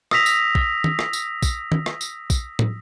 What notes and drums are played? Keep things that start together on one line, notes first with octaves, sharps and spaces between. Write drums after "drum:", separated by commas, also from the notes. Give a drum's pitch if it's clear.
D#6 E6 A#6 B6 F7, drum: rim click
drum: tambourine
drum: kick
drum: tom D#3
drum: rim click
drum: tambourine
drum: kick, tambourine
drum: tom D#3
drum: rim click
drum: tambourine
drum: kick, tambourine
drum: tom